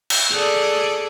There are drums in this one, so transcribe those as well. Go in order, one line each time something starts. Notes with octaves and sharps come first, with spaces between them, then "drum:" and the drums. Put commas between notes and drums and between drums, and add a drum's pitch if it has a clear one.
drum: cymbal
G#4 A4 D5